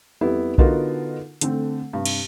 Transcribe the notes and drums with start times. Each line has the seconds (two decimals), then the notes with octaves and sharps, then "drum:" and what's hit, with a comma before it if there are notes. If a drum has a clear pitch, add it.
0.21 F2 G3 B3 E4
0.58 D3 B3 D#4 F4 F#4 A#4, drum: kick B1
1.41 D3 A3 C4, drum: hi-hat
1.93 G2 C3
2.06 drum: cymbal